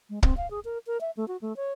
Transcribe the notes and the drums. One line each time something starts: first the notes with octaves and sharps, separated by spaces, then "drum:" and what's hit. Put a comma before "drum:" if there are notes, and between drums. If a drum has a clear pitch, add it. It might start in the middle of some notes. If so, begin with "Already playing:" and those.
G#3
C4, drum: kick
F5
G#4
A#4
A#4
E5
A3
F#4
A3
C#5